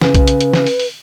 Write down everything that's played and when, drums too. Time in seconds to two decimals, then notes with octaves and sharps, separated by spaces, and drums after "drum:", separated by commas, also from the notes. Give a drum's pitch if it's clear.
0.01 C#3 B4, drum: snare
0.14 drum: kick B1, hi-hat
0.27 drum: hi-hat
0.40 drum: hi-hat
0.53 drum: snare
0.66 drum: open hi-hat
0.80 drum: open hi-hat